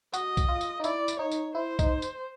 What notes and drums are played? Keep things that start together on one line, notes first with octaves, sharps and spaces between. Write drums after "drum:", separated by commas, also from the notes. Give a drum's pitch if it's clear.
F#4 D#5, drum: tambourine
drum: kick B1, tambourine
F4
drum: tambourine
D#4
E4 D5, drum: tambourine
drum: tambourine
D#4 C#5
drum: tambourine
E4 C5
D#4, drum: kick B1, tambourine
drum: tambourine